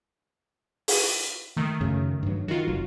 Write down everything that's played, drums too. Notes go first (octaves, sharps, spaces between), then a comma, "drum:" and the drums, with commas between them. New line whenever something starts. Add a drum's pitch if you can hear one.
drum: open hi-hat
D#3 A3
F#2 C#3
G2 F#3
D#3 F4 F#4
F1 F#3